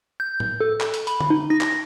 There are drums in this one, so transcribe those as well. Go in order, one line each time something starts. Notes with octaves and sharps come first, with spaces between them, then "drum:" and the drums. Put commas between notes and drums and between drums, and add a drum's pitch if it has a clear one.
G6
drum: tom A2
A4
drum: clap
drum: hi-hat
B5, drum: hi-hat
drum: tom
D#4
A#6
drum: clap